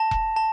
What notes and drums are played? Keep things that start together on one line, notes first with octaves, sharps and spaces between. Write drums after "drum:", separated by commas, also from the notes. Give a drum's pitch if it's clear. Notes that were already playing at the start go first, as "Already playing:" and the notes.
Already playing: A5 A#6
drum: kick E1
A5